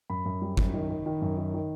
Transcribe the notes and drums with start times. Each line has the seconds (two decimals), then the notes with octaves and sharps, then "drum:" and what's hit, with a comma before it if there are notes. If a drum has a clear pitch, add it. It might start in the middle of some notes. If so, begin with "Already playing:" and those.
0.10 F#2 B5
0.25 F#2
0.42 G3
0.57 F#2, drum: kick G1
0.73 D#3
0.89 D#3
1.06 D#3
1.22 F#2
1.38 D#3
1.54 D#3